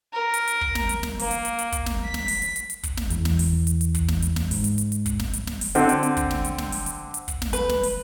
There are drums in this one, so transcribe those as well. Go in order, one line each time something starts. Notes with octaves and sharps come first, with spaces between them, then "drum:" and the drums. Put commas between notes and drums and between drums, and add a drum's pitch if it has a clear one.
A#4
drum: hi-hat
drum: hi-hat
drum: kick
drum: snare
drum: hi-hat
drum: snare
A#3, drum: open hi-hat
drum: hi-hat
drum: hi-hat
drum: hi-hat
drum: kick, hi-hat
drum: snare
B6
drum: snare
drum: open hi-hat
drum: hi-hat
drum: hi-hat
drum: hi-hat
drum: kick, hi-hat
drum: snare
E2, drum: hi-hat
drum: snare
drum: open hi-hat
drum: hi-hat
drum: hi-hat
drum: kick, hi-hat
drum: snare
drum: hi-hat
drum: snare
G#2, drum: open hi-hat
drum: hi-hat
drum: hi-hat
drum: hi-hat
drum: kick, hi-hat
drum: snare
drum: hi-hat
drum: snare
drum: open hi-hat
D3 C4, drum: hi-hat
drum: hi-hat
drum: hi-hat
drum: kick, hi-hat
drum: snare
drum: hi-hat
drum: snare
drum: open hi-hat
drum: hi-hat
drum: hi-hat
drum: kick, hi-hat
drum: snare
B4, drum: hi-hat
drum: snare
drum: open hi-hat